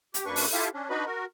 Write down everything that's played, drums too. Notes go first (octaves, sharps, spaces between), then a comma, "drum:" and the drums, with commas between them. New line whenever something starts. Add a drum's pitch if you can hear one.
G4, drum: hi-hat
F#2 A#3 D4 B4 C#6
drum: open hi-hat
E4 F4 G4 A4 E5 F5
C#4 D4
D4 D#4 F#4 B4 D#5 B5
F#4 A#4